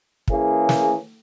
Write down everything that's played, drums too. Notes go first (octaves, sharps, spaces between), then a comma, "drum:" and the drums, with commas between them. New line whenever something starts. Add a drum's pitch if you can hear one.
E3 A#3 C#4 G#4, drum: kick
drum: snare